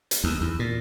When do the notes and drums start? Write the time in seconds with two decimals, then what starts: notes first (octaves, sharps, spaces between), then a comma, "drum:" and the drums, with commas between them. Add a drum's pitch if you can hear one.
0.11 drum: hi-hat
0.24 D#2
0.41 E2
0.59 A#2